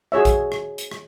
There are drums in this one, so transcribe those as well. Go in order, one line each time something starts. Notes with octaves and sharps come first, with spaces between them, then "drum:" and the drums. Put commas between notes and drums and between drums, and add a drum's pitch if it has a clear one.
F#4 G#4 C#5 E5
drum: kick A#1, hi-hat
drum: rim click
drum: hi-hat
drum: rim click